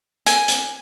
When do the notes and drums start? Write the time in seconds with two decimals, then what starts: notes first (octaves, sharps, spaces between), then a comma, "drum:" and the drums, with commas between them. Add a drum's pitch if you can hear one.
0.26 G#5, drum: hi-hat
0.48 drum: hi-hat